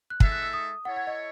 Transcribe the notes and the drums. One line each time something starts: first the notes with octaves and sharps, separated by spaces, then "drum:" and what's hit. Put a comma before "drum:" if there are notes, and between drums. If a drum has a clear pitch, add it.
F#6
G#3 D#4 A4 E5, drum: kick
F#6
E6
D#6
E4 A4 C#5 F#5
F#5
D#5